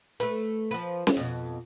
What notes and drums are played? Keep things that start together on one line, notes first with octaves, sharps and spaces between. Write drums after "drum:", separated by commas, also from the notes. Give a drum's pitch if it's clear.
A3 B4, drum: hi-hat
F3 B4
drum: snare
F2 B2